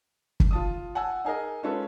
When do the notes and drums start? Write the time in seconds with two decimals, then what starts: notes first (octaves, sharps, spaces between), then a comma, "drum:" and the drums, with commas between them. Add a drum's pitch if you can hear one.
0.40 drum: kick
0.51 F4 A5 D#6
0.95 F#5 G#5 A5 E6
1.25 D#4 G#4 A#4 D#5
1.63 G#3 C#4 F4 A4 B4